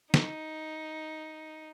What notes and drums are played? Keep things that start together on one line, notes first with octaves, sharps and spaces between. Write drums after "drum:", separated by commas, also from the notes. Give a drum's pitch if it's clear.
D#4, drum: snare